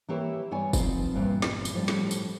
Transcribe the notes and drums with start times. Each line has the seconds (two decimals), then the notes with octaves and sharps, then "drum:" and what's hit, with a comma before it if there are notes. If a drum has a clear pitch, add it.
0.09 E3 A#3 E4 G4 C#5 E5
0.51 G2 B3 C#5 D5 G#5
0.73 F3 B3 C4 D#4, drum: kick, tambourine
1.14 E2 G2 A#2 C4
1.42 drum: snare
1.65 drum: tambourine
1.75 A2 F3 G3
1.88 drum: snare
2.11 drum: tambourine